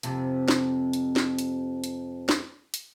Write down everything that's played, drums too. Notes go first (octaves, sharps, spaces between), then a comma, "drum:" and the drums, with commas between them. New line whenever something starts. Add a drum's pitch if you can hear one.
F2 C3, drum: hi-hat
drum: snare
drum: hi-hat
drum: snare
drum: hi-hat
drum: hi-hat
drum: snare
drum: hi-hat